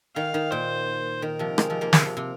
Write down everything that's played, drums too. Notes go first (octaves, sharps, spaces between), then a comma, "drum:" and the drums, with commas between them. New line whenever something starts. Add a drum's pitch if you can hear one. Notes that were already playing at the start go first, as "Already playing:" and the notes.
D#3 F5
D#3
A#2 C5
D#3 A#4
C3 F3
D#3 G#3, drum: rim click
C3 F3
F3 A#3
C3 F3, drum: snare
C3
C3